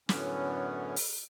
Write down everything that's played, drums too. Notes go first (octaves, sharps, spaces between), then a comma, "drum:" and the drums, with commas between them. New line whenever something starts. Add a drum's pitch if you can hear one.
F#2 A2 D3 B3 C#4, drum: snare
drum: open hi-hat